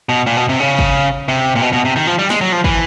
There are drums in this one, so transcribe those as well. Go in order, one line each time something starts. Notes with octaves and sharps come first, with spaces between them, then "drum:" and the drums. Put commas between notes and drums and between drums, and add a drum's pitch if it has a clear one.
B2
A#2
B2
C3
C#3
drum: kick
C3
A#2
B2
B2
C3
D#3
F3
G3
G#3, drum: snare
F#3
F3
E3, drum: kick